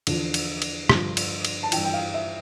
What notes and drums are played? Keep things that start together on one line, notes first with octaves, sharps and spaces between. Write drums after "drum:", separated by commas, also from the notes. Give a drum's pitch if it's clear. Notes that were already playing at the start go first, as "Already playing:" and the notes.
E2 D3 F3, drum: cymbal
drum: cymbal
drum: cymbal
G2 D3 F3, drum: rim click
drum: cymbal
drum: cymbal
A5
G2 E3 G5, drum: cymbal
G5
F5
E5